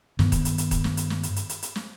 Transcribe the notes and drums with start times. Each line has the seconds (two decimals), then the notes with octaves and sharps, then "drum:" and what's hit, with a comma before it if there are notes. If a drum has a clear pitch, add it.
0.19 G2 D#3 A#3 B3, drum: snare
0.32 drum: kick D#1, hi-hat
0.45 drum: hi-hat
0.58 drum: hi-hat
0.71 drum: kick D#1, hi-hat
0.84 drum: snare
0.97 drum: hi-hat
1.10 drum: snare
1.23 drum: hi-hat
1.36 drum: hi-hat
1.49 drum: hi-hat
1.62 drum: hi-hat
1.76 drum: snare